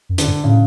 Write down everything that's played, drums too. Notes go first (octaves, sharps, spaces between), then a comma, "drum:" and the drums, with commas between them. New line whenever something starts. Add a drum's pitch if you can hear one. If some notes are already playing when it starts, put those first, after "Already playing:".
F#2
D3, drum: hi-hat
G2
A2 C#3